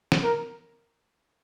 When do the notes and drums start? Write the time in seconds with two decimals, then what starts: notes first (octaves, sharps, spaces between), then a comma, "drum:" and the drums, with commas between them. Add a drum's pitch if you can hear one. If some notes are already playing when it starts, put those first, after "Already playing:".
0.12 drum: snare
0.23 A#4